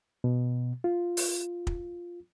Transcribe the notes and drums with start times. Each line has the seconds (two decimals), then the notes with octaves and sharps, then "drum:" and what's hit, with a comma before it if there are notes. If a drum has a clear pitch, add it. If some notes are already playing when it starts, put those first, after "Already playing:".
0.24 B2
0.84 F4
1.17 drum: open hi-hat
1.67 drum: kick